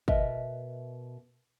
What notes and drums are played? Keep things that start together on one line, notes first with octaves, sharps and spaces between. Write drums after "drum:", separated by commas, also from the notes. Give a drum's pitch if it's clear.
B2 A#4 B4 D#5 E5, drum: kick